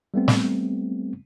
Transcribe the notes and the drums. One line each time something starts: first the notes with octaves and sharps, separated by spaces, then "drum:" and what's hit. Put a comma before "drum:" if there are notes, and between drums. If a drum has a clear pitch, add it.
G3 A3 B3 C4
drum: snare